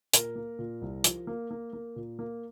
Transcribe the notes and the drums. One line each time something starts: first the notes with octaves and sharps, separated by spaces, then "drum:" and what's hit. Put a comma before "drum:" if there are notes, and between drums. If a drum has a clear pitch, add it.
A#2 A#4, drum: hi-hat
A#3
A#2
C2
F3, drum: hi-hat
A#3
A#3
A#3
A#2
A#3